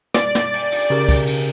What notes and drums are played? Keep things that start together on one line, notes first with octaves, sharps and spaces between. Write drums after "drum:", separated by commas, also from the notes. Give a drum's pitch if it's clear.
D5, drum: snare
drum: snare
drum: cymbal
drum: cymbal
C#3 G4 A#4, drum: cymbal
drum: kick C2, cymbal
drum: cymbal